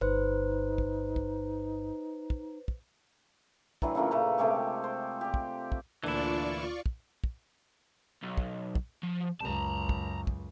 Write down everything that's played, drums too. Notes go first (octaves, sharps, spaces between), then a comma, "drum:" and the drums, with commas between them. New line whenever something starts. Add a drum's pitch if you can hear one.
G1 D#4 B4 C5
drum: kick
drum: kick
drum: kick
drum: kick
A2 D3 E3 F#3, drum: kick
C#3 A3 A#3 F4
A#2 A3 B4 A#5
C3 G#3 A3 G4
C5
G4 D5
drum: kick
drum: kick
D2 A#2 E3 D4 E4 F4 D5 C#6
drum: kick
drum: kick
B1
drum: kick
drum: kick
F3
C#2 F#2 A5 A#5
drum: kick
drum: kick